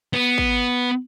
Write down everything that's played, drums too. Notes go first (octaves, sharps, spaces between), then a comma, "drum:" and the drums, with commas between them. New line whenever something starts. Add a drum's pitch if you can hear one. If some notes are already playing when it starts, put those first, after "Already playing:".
B3
drum: kick G#1